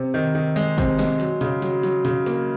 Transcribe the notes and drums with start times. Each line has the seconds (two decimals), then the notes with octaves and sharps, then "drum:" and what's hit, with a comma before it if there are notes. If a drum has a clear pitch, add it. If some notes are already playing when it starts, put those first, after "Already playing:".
Already playing: C3
0.14 D#3
0.35 D#3
0.56 G#3, drum: hi-hat
0.78 C3, drum: kick, hi-hat
0.99 G#3, drum: snare
1.20 F#3, drum: hi-hat
1.41 C#3, drum: hi-hat
1.62 F#3, drum: hi-hat
1.83 F#3, drum: hi-hat
2.05 C#3, drum: hi-hat
2.26 A#3, drum: hi-hat